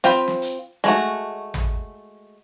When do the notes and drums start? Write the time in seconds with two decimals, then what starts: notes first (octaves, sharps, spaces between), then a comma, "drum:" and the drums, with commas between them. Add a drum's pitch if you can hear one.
0.04 C4 F4 G5 B5, drum: snare
0.28 drum: snare
0.42 drum: hi-hat
0.84 G#3 A3 F#4, drum: snare
1.54 drum: tom